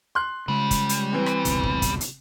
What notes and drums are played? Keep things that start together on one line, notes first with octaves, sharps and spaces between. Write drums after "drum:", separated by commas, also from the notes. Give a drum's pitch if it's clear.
C6 F#6
C#3 G3 G#3
drum: kick, hi-hat
drum: hi-hat
E3 C4
drum: rim click
F1 C#2 B2, drum: hi-hat
drum: kick
drum: kick, hi-hat
drum: hi-hat